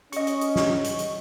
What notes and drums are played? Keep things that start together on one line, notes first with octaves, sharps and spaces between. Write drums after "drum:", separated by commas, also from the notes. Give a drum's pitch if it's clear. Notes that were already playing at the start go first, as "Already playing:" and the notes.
C#4 D#5 C#6, drum: hi-hat
drum: hi-hat
drum: hi-hat
drum: snare
drum: hi-hat
drum: hi-hat